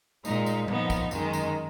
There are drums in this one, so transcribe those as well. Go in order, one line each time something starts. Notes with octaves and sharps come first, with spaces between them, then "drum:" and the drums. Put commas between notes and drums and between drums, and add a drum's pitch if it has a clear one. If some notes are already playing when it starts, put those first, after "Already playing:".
A#2 G#3 D#4, drum: tambourine
drum: tambourine
A#2 F3 B3 D#4, drum: tom G3
drum: kick, tambourine
F#2 D#3 G#3, drum: tambourine
drum: tambourine